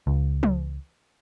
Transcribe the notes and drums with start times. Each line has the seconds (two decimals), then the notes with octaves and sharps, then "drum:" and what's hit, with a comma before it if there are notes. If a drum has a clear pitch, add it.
0.07 C#2
0.43 drum: tom